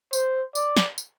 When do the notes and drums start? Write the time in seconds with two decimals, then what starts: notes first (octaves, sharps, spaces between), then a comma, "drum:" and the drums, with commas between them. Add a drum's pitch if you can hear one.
0.13 C5, drum: tambourine
0.55 D5, drum: tambourine
0.77 drum: snare
0.98 drum: tambourine